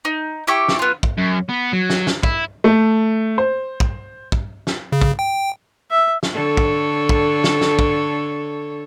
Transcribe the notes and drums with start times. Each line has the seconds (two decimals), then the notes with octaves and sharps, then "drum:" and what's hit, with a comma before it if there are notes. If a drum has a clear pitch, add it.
0.05 D#4
0.47 E4 G4 C#6 D6
0.68 drum: snare
0.79 B3 F4
1.03 drum: kick
1.18 F#2
1.49 B3
1.73 F#3
1.90 drum: snare
2.07 drum: snare
2.23 E4, drum: kick
2.64 A3
3.38 C5
3.80 drum: kick
4.32 drum: kick
4.67 drum: snare
4.92 C#3
5.01 drum: kick
5.19 G5
5.91 E5
6.23 drum: snare
6.34 D3 A4 C#5
6.57 drum: kick
7.09 drum: kick
7.44 drum: snare
7.61 drum: snare
7.79 drum: kick